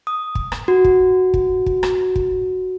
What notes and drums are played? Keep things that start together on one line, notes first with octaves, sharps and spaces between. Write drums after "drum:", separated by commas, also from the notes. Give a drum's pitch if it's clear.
D#6
drum: kick
drum: rim click
F#4
drum: kick
drum: kick
drum: kick
drum: rim click
drum: kick